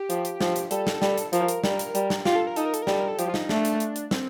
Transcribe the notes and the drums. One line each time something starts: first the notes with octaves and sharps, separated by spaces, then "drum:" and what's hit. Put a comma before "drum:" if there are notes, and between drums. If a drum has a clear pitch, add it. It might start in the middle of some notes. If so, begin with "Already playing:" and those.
Already playing: G4
F3, drum: hi-hat
drum: hi-hat
F3, drum: snare
drum: hi-hat
G3 A4, drum: hi-hat
drum: snare
G3, drum: snare
drum: hi-hat
F3 A#4, drum: hi-hat
drum: hi-hat
G3 A#4, drum: snare
drum: hi-hat
G3, drum: hi-hat
drum: snare
F4 G4, drum: snare
A4
A#4
D#4 A4, drum: hi-hat
A#4
A4, drum: hi-hat
A#4
G3 A4, drum: snare
A#4
A4
F3 G4, drum: hi-hat
F4
D#4, drum: snare
A3 D4, drum: snare
drum: hi-hat
drum: hi-hat
drum: hi-hat
C4, drum: snare